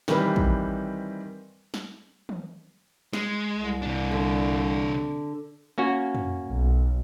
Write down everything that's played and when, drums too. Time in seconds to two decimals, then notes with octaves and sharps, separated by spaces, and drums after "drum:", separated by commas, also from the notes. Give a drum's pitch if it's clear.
0.08 D#3 E3 G3 C4 B4, drum: snare
0.36 drum: kick
1.74 drum: snare
2.29 drum: tom
3.13 G#3, drum: snare
3.56 C2
3.82 C3 D4
4.11 D3
5.78 A#3 C#4 F#4
6.15 drum: tom
6.46 B1